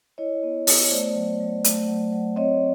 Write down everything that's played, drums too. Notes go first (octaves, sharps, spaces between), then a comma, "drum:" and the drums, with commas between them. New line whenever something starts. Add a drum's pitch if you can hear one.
E4 C#5 D#5
B3
B3, drum: open hi-hat
A3 C5 D5
F#3
F#3
A3, drum: hi-hat
F#3
F#3
C4 C#5 D#5